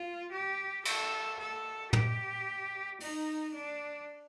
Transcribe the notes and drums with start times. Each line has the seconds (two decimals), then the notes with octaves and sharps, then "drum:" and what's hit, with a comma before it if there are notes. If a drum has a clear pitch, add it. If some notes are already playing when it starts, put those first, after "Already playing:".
Already playing: F4
0.32 G4
0.85 A4, drum: cymbal
1.39 A4
1.93 G4, drum: tom
3.00 D#4, drum: open hi-hat
3.54 D4